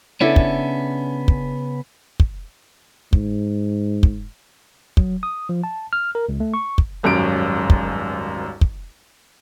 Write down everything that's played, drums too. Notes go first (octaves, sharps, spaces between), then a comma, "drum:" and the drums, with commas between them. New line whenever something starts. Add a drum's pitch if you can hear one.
C#3 B3 C#4 D4 E4 A4
drum: kick
drum: kick
drum: kick
G#2, drum: kick
drum: kick
F#3, drum: kick
D#6
F3
A5
F6
A#4
C#2
A3
C#6
drum: kick
D#1 G#1 F#2 C#4 D7
drum: kick
drum: kick